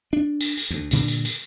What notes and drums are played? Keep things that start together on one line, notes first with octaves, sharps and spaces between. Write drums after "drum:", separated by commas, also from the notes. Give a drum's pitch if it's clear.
D4
drum: tambourine
drum: tambourine
D2
G2 A#2 D3, drum: tambourine
drum: tambourine
drum: tambourine